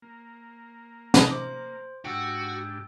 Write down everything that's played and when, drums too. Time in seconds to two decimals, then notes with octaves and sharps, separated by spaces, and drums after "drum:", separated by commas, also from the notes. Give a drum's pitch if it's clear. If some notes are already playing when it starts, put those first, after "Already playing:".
0.02 A#3
1.14 D#4 B4, drum: snare
1.31 C5 D6
2.05 G#2 D4 F#4 G4 G5 E6